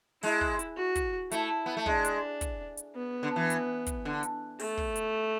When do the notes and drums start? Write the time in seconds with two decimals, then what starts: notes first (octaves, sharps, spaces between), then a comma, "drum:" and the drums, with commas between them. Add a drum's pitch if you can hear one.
0.23 G#3 E4, drum: open hi-hat
0.41 drum: kick
0.59 drum: hi-hat
0.77 F#4
0.96 drum: kick, hi-hat
1.32 A3 E4, drum: hi-hat
1.66 B3
1.77 A3
1.86 G#3 D4, drum: kick
2.05 drum: hi-hat
2.41 drum: kick, hi-hat
2.77 drum: hi-hat
2.95 B3
3.23 D3
3.36 E3
3.50 drum: hi-hat
3.87 drum: kick, hi-hat
4.05 D3
4.23 drum: hi-hat
4.59 A3, drum: open hi-hat
4.78 drum: kick
4.96 drum: hi-hat